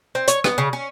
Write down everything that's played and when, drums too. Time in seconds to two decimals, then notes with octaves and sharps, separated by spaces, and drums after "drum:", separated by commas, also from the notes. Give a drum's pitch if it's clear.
0.15 C4
0.28 C#5, drum: hi-hat
0.44 B3, drum: rim click
0.58 C#3
0.73 C#4